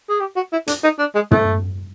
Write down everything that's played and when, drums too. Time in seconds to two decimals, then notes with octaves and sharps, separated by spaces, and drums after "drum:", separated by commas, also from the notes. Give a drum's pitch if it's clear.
0.09 G#4
0.20 G4
0.36 F#4
0.52 E4
0.67 D4, drum: hi-hat
0.84 D#4
0.99 D4
1.15 G#3
1.31 A3, drum: tom